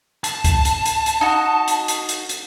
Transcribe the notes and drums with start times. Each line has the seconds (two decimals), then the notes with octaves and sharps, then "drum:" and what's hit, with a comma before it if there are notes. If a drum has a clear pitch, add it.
0.24 A5, drum: hi-hat
0.44 drum: kick C2, hi-hat
0.65 drum: hi-hat
0.86 drum: hi-hat
1.06 drum: hi-hat
1.21 D#4 F#4
1.68 drum: hi-hat
1.88 drum: hi-hat
2.09 drum: hi-hat
2.29 drum: hi-hat